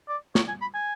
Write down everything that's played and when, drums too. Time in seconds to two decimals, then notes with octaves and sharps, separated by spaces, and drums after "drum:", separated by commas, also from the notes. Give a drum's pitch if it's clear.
0.09 D5
0.35 C#5, drum: snare
0.48 G#5
0.61 B5
0.74 G#5